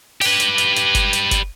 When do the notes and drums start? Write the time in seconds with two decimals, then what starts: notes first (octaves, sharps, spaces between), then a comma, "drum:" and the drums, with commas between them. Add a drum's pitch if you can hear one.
0.21 G4 B4, drum: open hi-hat
0.40 drum: hi-hat
0.58 drum: hi-hat
0.76 drum: hi-hat
0.95 drum: kick F#1, hi-hat
1.13 drum: hi-hat
1.31 drum: kick F#1, hi-hat